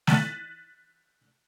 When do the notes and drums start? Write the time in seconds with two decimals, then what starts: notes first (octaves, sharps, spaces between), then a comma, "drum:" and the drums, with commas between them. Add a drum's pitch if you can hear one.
0.07 F#6 A6 B6 D#7 E7 F#7, drum: snare